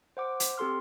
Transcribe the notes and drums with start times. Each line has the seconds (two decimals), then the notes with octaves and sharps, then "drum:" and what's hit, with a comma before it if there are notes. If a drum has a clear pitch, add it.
0.17 C5 F#5 D6
0.40 drum: hi-hat
0.58 C4 G4 A4 C6 F6